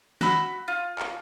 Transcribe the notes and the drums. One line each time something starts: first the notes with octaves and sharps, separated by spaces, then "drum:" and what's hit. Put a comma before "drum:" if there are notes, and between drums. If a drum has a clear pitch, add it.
F#4 B5 E6, drum: snare
F4
drum: clap